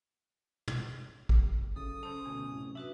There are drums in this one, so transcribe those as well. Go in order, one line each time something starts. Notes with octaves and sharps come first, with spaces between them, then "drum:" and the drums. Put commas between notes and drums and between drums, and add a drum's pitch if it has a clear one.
drum: tom
drum: kick
F#2 C#3 A4 D#6
C#4 A4 C5
D2 B2 G#5
F#2 A2 C3
D4 F#4 B4 E5